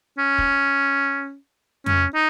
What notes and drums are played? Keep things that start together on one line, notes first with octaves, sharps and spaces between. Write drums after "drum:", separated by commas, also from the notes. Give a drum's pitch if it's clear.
C#4
drum: kick
C#4, drum: tom F2
D#4